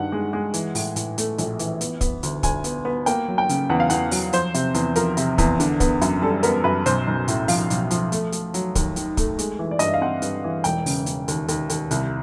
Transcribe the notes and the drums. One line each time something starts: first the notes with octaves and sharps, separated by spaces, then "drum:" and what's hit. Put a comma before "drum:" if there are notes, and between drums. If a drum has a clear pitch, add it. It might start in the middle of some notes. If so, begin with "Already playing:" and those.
Already playing: G2 D#3 F#5
G#3
G#3
E3, drum: hi-hat
A2, drum: open hi-hat
A2, drum: hi-hat
A3, drum: hi-hat
A#1, drum: hi-hat
E3, drum: hi-hat
B3, drum: hi-hat
B3, drum: kick, hi-hat
D2, drum: hi-hat
D2 G#5, drum: kick, hi-hat
B3, drum: hi-hat
B3
A#3 G5, drum: hi-hat
F#3
G5
C#3, drum: hi-hat
E2 F#5
F5
E2 F#5, drum: hi-hat
F#3, drum: open hi-hat
F3 C5, drum: hi-hat
C3, drum: hi-hat
E2, drum: hi-hat
F3 A#4, drum: hi-hat
C3, drum: hi-hat
E2, drum: kick, hi-hat
D3, drum: hi-hat
B3, drum: kick, hi-hat
F#2, drum: hi-hat
G3 A4
B3 A#4, drum: hi-hat
F#2 B4
B1 C5, drum: hi-hat
B1
A2, drum: hi-hat
F3 F5, drum: open hi-hat
B1, drum: hi-hat
F3, drum: hi-hat
A3, drum: hi-hat
A3, drum: hi-hat
F#3, drum: hi-hat
D#2, drum: kick, hi-hat
D#3, drum: hi-hat
A3, drum: kick, hi-hat
G#3, drum: hi-hat
E3
D5
G2 D#5, drum: hi-hat
E5
F5
C4 F#5
G2, drum: hi-hat
E3
E1 G5, drum: hi-hat
C#3, drum: open hi-hat
C#3, drum: hi-hat
D#2, drum: hi-hat
D#2, drum: hi-hat
D#2, drum: hi-hat
C2, drum: hi-hat